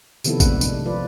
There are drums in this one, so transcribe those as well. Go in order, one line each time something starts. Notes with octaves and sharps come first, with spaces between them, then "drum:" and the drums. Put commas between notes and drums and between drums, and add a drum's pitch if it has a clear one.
C3 D#3 F3 B3 E4 A4, drum: tambourine
G#3 A3 D4 E5 F#5, drum: kick G#1, tambourine
D4, drum: tambourine
F3 F4 B4 D5